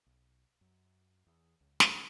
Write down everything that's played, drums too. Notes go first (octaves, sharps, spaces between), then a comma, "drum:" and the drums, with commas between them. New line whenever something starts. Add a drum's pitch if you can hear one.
B1
F#2
E2
C#2
drum: snare